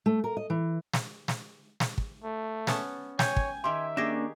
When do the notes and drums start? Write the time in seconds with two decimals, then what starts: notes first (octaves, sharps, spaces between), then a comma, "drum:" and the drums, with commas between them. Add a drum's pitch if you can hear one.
0.06 A3
0.24 A#4
0.37 D#5
0.50 E3
0.94 drum: snare
1.28 drum: snare
1.80 drum: snare
1.98 drum: kick
2.24 A3
2.67 B3 C#4 A5, drum: snare
3.19 C#5 G5 G#5 G6, drum: snare
3.37 drum: kick
3.64 D#3 G4 E5 C6
3.97 A#3 C#4 D4 G4 G#4 A#6 E7